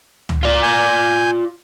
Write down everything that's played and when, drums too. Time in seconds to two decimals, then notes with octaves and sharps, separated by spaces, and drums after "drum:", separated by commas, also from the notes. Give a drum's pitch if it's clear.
0.29 drum: tom C#2
0.43 F4 D5
0.63 G#5 G6